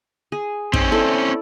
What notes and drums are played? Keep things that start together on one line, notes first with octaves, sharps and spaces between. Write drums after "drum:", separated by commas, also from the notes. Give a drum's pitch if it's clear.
G#4
C4 C#4 D#4, drum: kick
E4 A4 D5